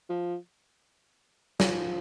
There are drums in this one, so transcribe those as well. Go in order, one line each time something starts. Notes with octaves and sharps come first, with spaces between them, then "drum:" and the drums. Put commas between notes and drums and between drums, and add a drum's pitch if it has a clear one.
F3
F3, drum: snare